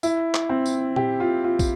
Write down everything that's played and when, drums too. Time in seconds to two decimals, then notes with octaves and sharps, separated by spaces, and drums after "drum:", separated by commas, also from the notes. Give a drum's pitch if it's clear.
0.03 E4, drum: tambourine
0.34 drum: clap
0.49 C4
0.66 drum: tambourine
0.96 G4, drum: tom A#2
1.20 F4
1.44 F4
1.59 drum: kick, tambourine